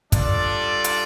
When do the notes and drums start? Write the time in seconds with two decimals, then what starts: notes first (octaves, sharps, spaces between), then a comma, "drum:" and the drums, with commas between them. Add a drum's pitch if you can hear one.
0.12 G3 D4 F4 A4 D5, drum: kick, hi-hat
0.84 drum: hi-hat